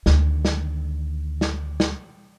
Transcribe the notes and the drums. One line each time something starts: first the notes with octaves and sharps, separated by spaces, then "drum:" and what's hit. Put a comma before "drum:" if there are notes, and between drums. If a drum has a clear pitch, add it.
D2 D#3, drum: snare
drum: snare
drum: snare
drum: snare